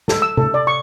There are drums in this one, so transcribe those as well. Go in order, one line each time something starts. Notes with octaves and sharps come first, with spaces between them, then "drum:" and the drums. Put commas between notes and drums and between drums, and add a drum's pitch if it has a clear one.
A4, drum: snare
E6
A4, drum: tom C3
D5
C#6